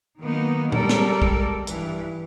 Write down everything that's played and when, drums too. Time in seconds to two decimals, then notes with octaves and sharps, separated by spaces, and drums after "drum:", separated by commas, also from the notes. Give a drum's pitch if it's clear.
0.20 D#3 F#3 A#3 B3 D#4
0.72 G3 G#3 A4 A#4 D5, drum: tom
0.89 drum: snare
1.22 drum: kick
1.67 G2 E3, drum: hi-hat